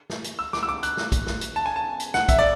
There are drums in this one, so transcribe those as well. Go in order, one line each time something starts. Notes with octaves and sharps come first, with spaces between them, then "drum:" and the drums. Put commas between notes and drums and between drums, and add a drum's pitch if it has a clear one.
drum: snare
drum: hi-hat
E6
D6, drum: snare
E6
D6
F#6, drum: hi-hat
drum: snare
drum: kick, hi-hat
drum: snare
drum: hi-hat
A5
G#5
A5
drum: hi-hat
F#5, drum: snare
E5, drum: kick, hi-hat
D5